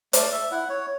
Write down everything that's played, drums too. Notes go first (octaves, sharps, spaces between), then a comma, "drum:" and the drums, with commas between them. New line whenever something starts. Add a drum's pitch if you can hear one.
A3 D5, drum: hi-hat
E5
E4 F#5
C#5